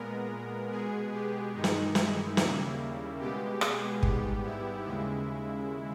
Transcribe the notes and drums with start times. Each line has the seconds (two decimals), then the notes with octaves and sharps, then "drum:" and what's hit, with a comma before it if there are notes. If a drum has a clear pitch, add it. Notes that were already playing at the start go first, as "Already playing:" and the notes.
Already playing: A#2 G#3 B3 A#4
0.70 B2 G#3 B3 G#4
1.12 G4
1.54 G2 D#3 G#3 D#4
1.64 drum: snare
1.95 E4, drum: snare
2.37 D#2 C#3 G3 A#3, drum: snare
3.19 B2 G#3 B3 G4
3.61 G#4, drum: rim click
4.03 G#2 G3 B3 G4, drum: kick
4.44 E4
4.85 D#2 C#3 G#3 E4